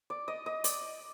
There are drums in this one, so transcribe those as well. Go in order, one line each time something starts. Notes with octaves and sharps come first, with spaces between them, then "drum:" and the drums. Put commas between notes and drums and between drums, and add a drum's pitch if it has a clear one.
D5
D#5
D#5
D5, drum: hi-hat